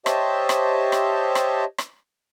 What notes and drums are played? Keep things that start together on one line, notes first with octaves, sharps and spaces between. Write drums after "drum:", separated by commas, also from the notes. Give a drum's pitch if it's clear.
G4 C5 C#5 D#5 E5 A5, drum: rim click
drum: rim click
drum: rim click
drum: rim click
drum: rim click